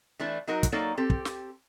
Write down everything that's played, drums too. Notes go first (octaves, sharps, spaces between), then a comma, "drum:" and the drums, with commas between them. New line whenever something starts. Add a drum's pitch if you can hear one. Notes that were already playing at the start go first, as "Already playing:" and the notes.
E3 A3 D4 E4
F#3 D#4 F#4 A#4
drum: kick, hi-hat
F#3 A#3 D#4 A4 C#5 D5
C4 G4 A4
drum: kick
drum: snare